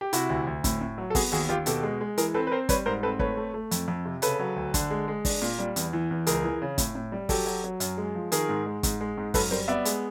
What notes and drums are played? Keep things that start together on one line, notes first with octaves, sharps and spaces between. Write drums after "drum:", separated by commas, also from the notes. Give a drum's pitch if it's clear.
G4
C3 E4 F#4, drum: hi-hat
D2
D2
A2, drum: kick, hi-hat
A2
F#3
A4
B3 F#4 G#4, drum: kick, open hi-hat
D#2 F#4 G#4
D#2 F4 G4
B2 G4 A4, drum: hi-hat
G#3
G#3
E3 G#4 A#4, drum: hi-hat
C4 A4 B4
B4
C4 A#4 C5
G3 B4 C#5, drum: kick, hi-hat
G#2 A#4 C5
C4 A4 B4
A3 B4 C#5, drum: kick
A3
A3
F2, drum: hi-hat
F2
C3
C#3 A4 B4, drum: hi-hat
F#3
D2
D3, drum: kick, hi-hat
G#3
G#3
D4, drum: kick, open hi-hat
A#2
G3
E2, drum: hi-hat
E3
E2
C#2 G#4 A#4, drum: hi-hat
E3
C#3
A2, drum: kick, hi-hat
A2
G3
F#3 G4 A4, drum: kick, open hi-hat
F#3
F#3
F#2, drum: hi-hat
G#3
F3
D#3 G#4 A#4, drum: hi-hat
G#2
G#3
G#2, drum: kick, hi-hat
G#3
G#2
F#2 A4 B4, drum: kick, open hi-hat
G3 A#4 C5
B3 D5 E5
G#3, drum: hi-hat